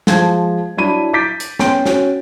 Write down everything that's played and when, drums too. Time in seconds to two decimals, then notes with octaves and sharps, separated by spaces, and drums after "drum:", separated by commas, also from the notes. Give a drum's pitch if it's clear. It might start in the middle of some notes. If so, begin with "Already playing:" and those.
0.07 F3 G#3 A5 G#6, drum: snare
0.77 F#3 D4 E4 B5 D#7
1.13 D6 G6 A6 B6 D7
1.40 drum: hi-hat
1.59 B3 C#4 G5 C6 D7, drum: snare
1.85 C#4 F#4, drum: snare